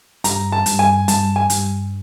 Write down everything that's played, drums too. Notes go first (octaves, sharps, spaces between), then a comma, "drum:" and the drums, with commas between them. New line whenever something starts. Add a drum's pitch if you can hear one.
G2 A#5, drum: hi-hat
A5
G2, drum: hi-hat
G#5
G2 A5, drum: hi-hat
G#5
G2, drum: hi-hat